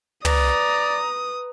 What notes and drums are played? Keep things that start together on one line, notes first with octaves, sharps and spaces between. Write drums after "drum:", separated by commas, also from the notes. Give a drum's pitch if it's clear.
B4 D5 A#5 D#6, drum: tom